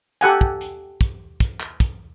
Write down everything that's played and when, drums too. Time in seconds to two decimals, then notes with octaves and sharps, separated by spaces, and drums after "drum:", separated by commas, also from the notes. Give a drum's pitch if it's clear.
0.21 G4 A4 F#5 G#5, drum: hi-hat
0.41 drum: kick
0.61 drum: hi-hat
1.01 drum: kick, hi-hat
1.40 drum: kick, hi-hat
1.60 drum: clap
1.80 drum: kick, hi-hat